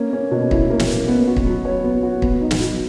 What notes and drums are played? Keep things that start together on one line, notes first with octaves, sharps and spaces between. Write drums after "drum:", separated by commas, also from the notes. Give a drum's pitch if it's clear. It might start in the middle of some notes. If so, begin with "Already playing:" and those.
Already playing: A#3 C#4
C#4
B2
E4, drum: kick
A#3
drum: snare
C#4
B3
F#4
drum: kick
F#3
C#5
B3
F#4
B3, drum: kick
D#4
drum: snare
F#3